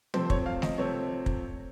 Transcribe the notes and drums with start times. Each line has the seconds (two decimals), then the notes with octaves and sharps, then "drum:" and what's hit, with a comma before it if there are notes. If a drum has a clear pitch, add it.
0.14 C3 F3 A3 C4 C5, drum: tom
0.24 C5
0.30 C#5, drum: kick
0.46 F5
0.62 D#5, drum: snare
0.78 C3 F3 A3 C4 C#5
1.26 drum: kick